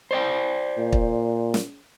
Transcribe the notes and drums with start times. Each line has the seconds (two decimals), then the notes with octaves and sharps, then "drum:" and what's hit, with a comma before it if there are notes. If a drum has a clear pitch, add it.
0.11 C5 D5 G5
0.78 A#2
0.93 drum: kick
1.54 drum: snare